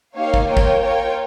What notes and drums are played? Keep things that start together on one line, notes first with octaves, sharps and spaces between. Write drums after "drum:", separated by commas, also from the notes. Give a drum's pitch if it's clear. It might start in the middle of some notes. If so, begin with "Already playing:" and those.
A#3 D#4 G4 C#5 F5
drum: kick
A#3 F4 A#4 C#5 G5
drum: kick
F4 A#4 C#5 G5